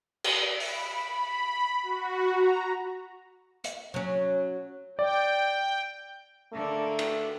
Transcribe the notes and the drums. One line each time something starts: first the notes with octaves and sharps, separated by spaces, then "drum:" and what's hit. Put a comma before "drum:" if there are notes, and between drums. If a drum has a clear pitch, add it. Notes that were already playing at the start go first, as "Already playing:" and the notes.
D7, drum: cymbal
B5, drum: open hi-hat
B5
F#4
A#5
drum: hi-hat
F#3 C#4
D5 G5
D3 A3 A#3 A#4
drum: cymbal